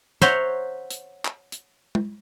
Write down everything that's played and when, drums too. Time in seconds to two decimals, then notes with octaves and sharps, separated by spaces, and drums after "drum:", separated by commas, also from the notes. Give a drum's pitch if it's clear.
0.22 C5 C#5 E5 F#5 A#5 C6, drum: snare
0.91 drum: hi-hat
1.25 drum: clap
1.52 drum: hi-hat
1.95 drum: tom G#3